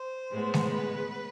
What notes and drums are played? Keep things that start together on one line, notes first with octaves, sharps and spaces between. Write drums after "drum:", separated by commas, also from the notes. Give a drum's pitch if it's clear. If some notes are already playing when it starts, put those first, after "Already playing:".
Already playing: C5
A2 G#3 B3
drum: snare
B4